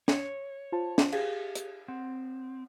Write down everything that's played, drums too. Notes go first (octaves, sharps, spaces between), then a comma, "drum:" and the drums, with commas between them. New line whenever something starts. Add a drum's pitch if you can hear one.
C#5, drum: snare
F4 C5 A5
drum: snare
G4 G#4 F5, drum: cymbal
drum: hi-hat
C4 F#5